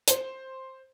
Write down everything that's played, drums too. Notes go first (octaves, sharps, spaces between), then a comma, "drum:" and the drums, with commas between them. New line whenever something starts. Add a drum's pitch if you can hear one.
C5, drum: hi-hat